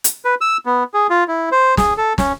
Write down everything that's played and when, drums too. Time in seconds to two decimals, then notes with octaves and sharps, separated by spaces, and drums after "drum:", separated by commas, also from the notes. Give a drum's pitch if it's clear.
0.04 drum: hi-hat
0.25 B4
0.41 E6
0.66 B3
0.94 G#4
1.10 F4
1.28 E4
1.52 C5
1.77 G#4, drum: snare
1.97 A4
2.18 C#4, drum: snare